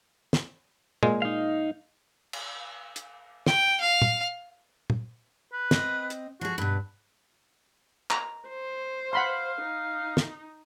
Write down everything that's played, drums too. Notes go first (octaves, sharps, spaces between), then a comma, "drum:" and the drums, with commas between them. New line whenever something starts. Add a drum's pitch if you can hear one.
drum: snare
A#2 G#3, drum: tom A#2
D#4 F5
drum: cymbal
drum: hi-hat
G5, drum: snare
F5
drum: tom A#2
drum: tom A#2
B4
C4 D#5, drum: snare
drum: hi-hat
F3 F#4 G#4
G2 B2 B4
A#5, drum: clap
C5
F5 F#5 B5 C6
D#4
drum: snare